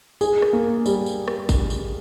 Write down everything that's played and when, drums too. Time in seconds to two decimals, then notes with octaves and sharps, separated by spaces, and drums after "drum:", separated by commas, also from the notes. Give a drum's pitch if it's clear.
0.21 G#4, drum: tambourine
0.42 drum: rim click
0.53 A#3
0.86 G3, drum: tambourine
1.06 drum: tambourine
1.28 drum: rim click
1.49 drum: kick G#1, tambourine
1.70 drum: tambourine